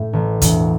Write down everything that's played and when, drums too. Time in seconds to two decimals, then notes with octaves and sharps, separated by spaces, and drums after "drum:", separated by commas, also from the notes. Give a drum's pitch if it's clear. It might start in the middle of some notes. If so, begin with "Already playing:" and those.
Already playing: A2
0.13 A1
0.42 E1, drum: kick, hi-hat